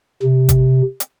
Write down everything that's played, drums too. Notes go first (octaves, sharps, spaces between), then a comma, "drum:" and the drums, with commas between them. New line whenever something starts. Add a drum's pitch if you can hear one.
C3
drum: kick G1, hi-hat
drum: hi-hat